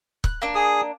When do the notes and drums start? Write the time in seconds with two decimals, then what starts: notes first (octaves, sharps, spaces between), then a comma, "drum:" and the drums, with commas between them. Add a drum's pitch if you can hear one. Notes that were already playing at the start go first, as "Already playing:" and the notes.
0.24 F#6, drum: kick
0.42 A#3 D4
0.55 G#4 D#6